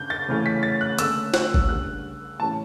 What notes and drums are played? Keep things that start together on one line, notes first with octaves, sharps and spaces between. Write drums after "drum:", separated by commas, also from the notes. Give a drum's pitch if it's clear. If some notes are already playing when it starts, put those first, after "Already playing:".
Already playing: C#3 D4 G6
A6
C#3 E3 A3 C#4
B6
A6
F#6
D3 A3 C#4 E6, drum: hi-hat
F#6, drum: snare
drum: kick
C#3 G3 D4 F#6
A2 E3 G3 C#4 A5